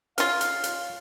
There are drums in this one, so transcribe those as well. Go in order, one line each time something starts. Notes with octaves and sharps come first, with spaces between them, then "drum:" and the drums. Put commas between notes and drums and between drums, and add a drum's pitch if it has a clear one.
C#4 F4 F5 F6, drum: hi-hat
drum: hi-hat
drum: hi-hat